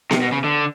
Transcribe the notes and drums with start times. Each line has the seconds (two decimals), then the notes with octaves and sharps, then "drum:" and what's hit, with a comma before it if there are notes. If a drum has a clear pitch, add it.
0.11 C3, drum: snare B3
0.22 B2
0.32 C#3
0.44 D3